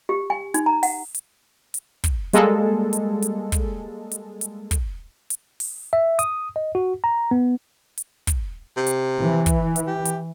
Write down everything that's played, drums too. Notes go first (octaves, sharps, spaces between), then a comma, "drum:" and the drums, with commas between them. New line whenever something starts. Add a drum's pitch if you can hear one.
G4
G#5
D#4, drum: hi-hat
A#5
F#5, drum: open hi-hat
drum: hi-hat
drum: hi-hat
drum: kick, hi-hat
G3 G#3 A#3 A4, drum: hi-hat
drum: hi-hat
drum: hi-hat
drum: kick, hi-hat
drum: hi-hat
drum: hi-hat
drum: kick, hi-hat
drum: hi-hat
drum: open hi-hat
E5
D#6, drum: hi-hat
D#5
F#4
A#5
B3
drum: hi-hat
drum: kick, hi-hat
C3
drum: hi-hat
E3
drum: kick, hi-hat
drum: hi-hat
G4
drum: hi-hat